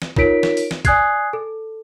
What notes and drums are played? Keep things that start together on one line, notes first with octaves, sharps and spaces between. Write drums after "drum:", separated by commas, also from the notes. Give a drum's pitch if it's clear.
drum: snare
D#4 F4 A#4 C#5 B6 D7, drum: kick A1
drum: snare
drum: open hi-hat
drum: snare
D5 G#5 D#6 F#6 G#6 C7, drum: kick A1, hi-hat
A4